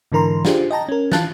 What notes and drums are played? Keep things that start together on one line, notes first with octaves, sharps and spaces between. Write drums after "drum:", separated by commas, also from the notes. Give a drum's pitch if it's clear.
G#2 D3 E3 A#4 A#5 C6
D4 F4 G4 G#4 C5, drum: snare
D#5 G5 A5 A#5
C#4 A#4
E3 F4 A5 F#6 A6, drum: snare